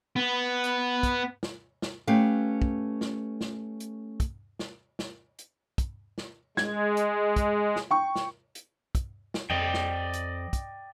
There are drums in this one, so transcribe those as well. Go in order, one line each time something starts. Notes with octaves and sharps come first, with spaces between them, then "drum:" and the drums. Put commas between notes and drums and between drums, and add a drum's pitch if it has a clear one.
B3
drum: hi-hat
drum: kick, hi-hat
drum: snare
drum: snare
A3 C#4 G4 B4 F5
drum: kick
drum: snare
drum: snare
drum: hi-hat
drum: kick, hi-hat
drum: snare
drum: snare
drum: hi-hat
drum: kick, hi-hat
drum: snare
G#3 G#6, drum: snare
drum: hi-hat
drum: kick, hi-hat
drum: snare
G5 C#6
drum: snare
drum: hi-hat
drum: kick, hi-hat
drum: snare
F2 D5 D#5 G5
drum: snare
drum: hi-hat
drum: kick, hi-hat